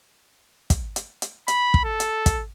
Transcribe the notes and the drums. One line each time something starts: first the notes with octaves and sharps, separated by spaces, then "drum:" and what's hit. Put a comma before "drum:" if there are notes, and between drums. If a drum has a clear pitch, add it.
drum: kick, hi-hat
drum: hi-hat
drum: hi-hat
B5, drum: hi-hat
drum: kick
A4
drum: hi-hat
drum: kick, hi-hat